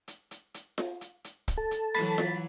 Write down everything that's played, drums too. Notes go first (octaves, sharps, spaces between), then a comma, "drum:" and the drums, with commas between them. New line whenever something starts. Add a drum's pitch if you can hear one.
drum: hi-hat
drum: hi-hat
drum: hi-hat
drum: snare F4
drum: hi-hat
drum: hi-hat
drum: kick, hi-hat
A4 A5
drum: hi-hat
E3 F#3 B5 A6 B6, drum: open hi-hat
drum: snare F4